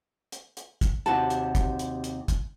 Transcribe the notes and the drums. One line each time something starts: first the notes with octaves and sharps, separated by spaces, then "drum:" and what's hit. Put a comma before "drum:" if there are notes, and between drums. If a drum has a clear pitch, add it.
drum: hi-hat
drum: hi-hat
drum: kick, hi-hat
D#2 C3 F#4 A5
drum: hi-hat
drum: kick, hi-hat
drum: hi-hat
drum: hi-hat
drum: kick, hi-hat